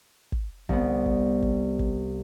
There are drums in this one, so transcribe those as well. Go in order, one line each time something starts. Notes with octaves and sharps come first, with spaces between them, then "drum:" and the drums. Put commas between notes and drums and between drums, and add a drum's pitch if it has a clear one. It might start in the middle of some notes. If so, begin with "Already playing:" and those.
drum: kick
C2 C3 B3, drum: kick
drum: kick
drum: kick
drum: kick